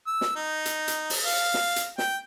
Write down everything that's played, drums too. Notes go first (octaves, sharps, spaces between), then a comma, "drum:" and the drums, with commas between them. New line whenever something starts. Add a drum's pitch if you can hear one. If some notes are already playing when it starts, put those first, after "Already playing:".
E6
drum: snare
D#4
drum: hi-hat
drum: hi-hat
drum: open hi-hat
F5
drum: snare
drum: hi-hat
G5, drum: snare